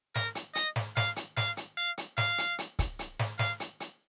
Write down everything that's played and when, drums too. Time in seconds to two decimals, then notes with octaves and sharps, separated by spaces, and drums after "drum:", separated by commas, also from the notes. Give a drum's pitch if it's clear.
0.15 A#4, drum: snare
0.35 drum: hi-hat
0.55 D#5, drum: hi-hat
0.76 drum: snare
0.97 F5, drum: snare
1.16 drum: hi-hat
1.37 F5, drum: snare
1.57 drum: hi-hat
1.77 F5
1.98 drum: hi-hat
2.18 F5, drum: snare
2.38 drum: hi-hat
2.58 drum: hi-hat
2.79 drum: kick, hi-hat
2.99 drum: hi-hat
3.19 drum: snare
3.39 F5, drum: snare
3.60 drum: hi-hat
3.80 drum: hi-hat